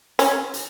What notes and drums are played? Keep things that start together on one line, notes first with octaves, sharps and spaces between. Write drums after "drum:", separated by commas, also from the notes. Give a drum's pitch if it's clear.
C#4, drum: hi-hat
drum: hi-hat